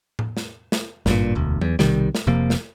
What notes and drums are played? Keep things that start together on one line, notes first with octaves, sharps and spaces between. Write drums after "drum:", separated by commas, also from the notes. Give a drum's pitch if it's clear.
drum: tom A2
drum: snare
drum: snare
G#1 G2 A#2, drum: snare
E1 D2
E2, drum: tom F#3
B1 C3 D#3 G3, drum: snare
drum: snare
F1 C3 F3 A#3
drum: snare